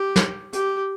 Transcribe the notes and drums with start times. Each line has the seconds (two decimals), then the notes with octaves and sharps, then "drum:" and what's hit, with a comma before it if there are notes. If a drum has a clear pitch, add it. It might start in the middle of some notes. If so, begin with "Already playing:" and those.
Already playing: G4
0.16 drum: snare
0.53 G4, drum: hi-hat